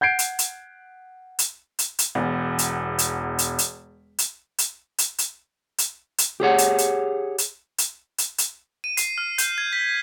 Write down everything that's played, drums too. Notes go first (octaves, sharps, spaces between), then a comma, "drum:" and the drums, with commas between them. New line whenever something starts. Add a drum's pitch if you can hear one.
F#5 G6 G#6 C7 D7
drum: hi-hat
drum: hi-hat
drum: hi-hat
drum: hi-hat
drum: hi-hat
E1 E2
drum: hi-hat
drum: hi-hat
drum: hi-hat
drum: hi-hat
drum: hi-hat
drum: hi-hat
drum: hi-hat
drum: hi-hat
drum: hi-hat
drum: hi-hat
G4 G#4 C#5 F#5
drum: hi-hat
drum: hi-hat
drum: hi-hat
drum: hi-hat
drum: hi-hat
drum: hi-hat
D#7
C7, drum: hi-hat
F6
G6, drum: hi-hat
G#6
B6